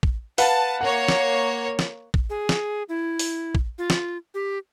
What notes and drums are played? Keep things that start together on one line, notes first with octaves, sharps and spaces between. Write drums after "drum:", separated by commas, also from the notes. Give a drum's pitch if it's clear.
drum: kick A#1
B4 F5 F#5 A5, drum: open hi-hat
A#3 C#5 F#5
drum: snare
drum: snare
drum: kick A#1
G#4
drum: snare
E4
drum: open hi-hat
drum: kick A#1
F4
drum: snare
G4